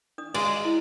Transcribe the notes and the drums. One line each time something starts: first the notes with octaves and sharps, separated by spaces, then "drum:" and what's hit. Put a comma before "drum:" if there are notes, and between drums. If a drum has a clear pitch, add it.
D4 D#6
G#3 D5, drum: cymbal
E4